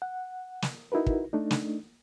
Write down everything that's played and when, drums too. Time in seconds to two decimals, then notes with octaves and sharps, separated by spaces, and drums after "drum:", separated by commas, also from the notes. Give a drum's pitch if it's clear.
0.02 F#5
0.62 drum: snare
0.92 D#4 E4 F#4 A#4 B4
1.06 drum: kick
1.33 A3 D4 D#4
1.51 drum: snare